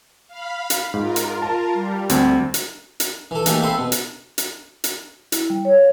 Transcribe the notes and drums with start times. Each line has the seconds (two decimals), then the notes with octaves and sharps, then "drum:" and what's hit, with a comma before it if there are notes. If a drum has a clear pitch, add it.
0.28 F5 B5
0.70 drum: hi-hat
0.94 G#2 F4 A#4
1.16 drum: hi-hat
1.42 A5
1.74 G3
2.10 D2 C4, drum: hi-hat
2.54 drum: hi-hat
3.00 drum: hi-hat
3.31 E3 A4
3.46 E3 A3 A#3 D#4 G4 G#4, drum: hi-hat
3.62 C4 A4 E5 F#5 B5 C6
3.78 B2
3.92 drum: hi-hat
4.38 drum: hi-hat
4.84 drum: hi-hat
5.32 E4, drum: hi-hat
5.50 G3
5.65 C#5
5.78 F5